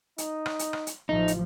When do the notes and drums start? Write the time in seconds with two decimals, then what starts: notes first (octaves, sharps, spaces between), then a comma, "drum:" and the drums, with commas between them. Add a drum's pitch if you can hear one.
0.18 D#4, drum: hi-hat
0.46 drum: rim click
0.59 drum: hi-hat
0.73 drum: rim click
0.87 drum: hi-hat
1.09 A1 F3 A3 D#4
1.28 drum: hi-hat